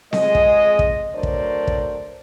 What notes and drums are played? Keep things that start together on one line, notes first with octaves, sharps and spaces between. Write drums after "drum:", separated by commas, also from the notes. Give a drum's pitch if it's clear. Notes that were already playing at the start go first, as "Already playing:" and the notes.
F2 G#3 G#4 D#5, drum: snare C4
drum: kick
drum: kick
F#3 A3 D4 A#4 C5 D5
drum: kick
drum: kick